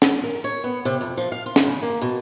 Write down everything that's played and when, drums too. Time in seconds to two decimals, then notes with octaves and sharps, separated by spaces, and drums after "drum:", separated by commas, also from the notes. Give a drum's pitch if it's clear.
0.02 drum: snare
0.24 A#4
0.44 C#5
0.64 B3
0.85 C3
1.01 F2
1.17 F3, drum: tambourine
1.32 F5
1.46 F4
1.56 drum: snare
1.66 C#3
1.82 A#3
2.02 B2